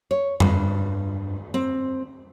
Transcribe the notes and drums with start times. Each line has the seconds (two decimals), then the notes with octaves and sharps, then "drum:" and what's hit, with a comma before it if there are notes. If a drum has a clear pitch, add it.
0.11 C#5
0.40 G2, drum: tom F2
1.54 C4